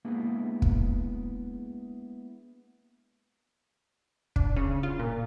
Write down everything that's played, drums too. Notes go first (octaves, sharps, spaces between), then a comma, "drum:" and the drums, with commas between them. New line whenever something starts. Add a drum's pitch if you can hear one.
G#3 A#3 B3 D4 E4 G#4
drum: kick
D4, drum: kick
C#3
F4
A#2